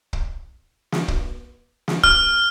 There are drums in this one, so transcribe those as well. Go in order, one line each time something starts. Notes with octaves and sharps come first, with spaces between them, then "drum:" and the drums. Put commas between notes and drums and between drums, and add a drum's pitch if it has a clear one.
drum: kick
drum: snare
drum: kick
drum: snare
F6, drum: kick